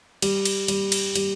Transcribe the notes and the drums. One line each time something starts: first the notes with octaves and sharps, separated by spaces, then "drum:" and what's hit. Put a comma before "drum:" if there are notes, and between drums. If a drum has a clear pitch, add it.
G3, drum: cymbal
drum: cymbal
G3, drum: cymbal
drum: cymbal
G3, drum: cymbal